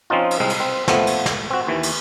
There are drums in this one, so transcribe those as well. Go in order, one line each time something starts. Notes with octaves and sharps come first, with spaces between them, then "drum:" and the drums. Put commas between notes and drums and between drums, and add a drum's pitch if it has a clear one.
F3 C4 C#4 D#4 F4
drum: cymbal
C2 G#3 C4 F5
drum: cymbal
C4
F3 A3 B3 C4, drum: snare
drum: cymbal
drum: snare
C4 F#4
D#2 E3
drum: cymbal